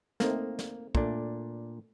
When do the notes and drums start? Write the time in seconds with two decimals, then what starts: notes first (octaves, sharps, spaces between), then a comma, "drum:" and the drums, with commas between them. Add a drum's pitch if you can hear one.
0.20 A3 A#3 C4 D#4, drum: snare
0.59 drum: snare
0.95 A#2 A3 D4, drum: kick